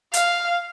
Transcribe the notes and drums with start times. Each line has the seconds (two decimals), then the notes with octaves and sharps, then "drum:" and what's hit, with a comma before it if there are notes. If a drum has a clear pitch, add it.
0.14 F5, drum: hi-hat